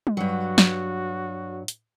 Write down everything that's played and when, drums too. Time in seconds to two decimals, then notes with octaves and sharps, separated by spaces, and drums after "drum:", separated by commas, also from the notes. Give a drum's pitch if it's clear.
0.07 drum: tom G3
0.17 G2 F#3 F#4
0.58 drum: snare
1.68 drum: hi-hat